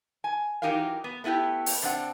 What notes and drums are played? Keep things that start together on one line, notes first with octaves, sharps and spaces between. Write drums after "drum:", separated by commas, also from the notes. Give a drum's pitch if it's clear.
G#5
E3 F#3 D#4 G4 A#4 F5
B3
A3 B3 E4 F#4 G4
drum: open hi-hat
C3 C4 D4 F#5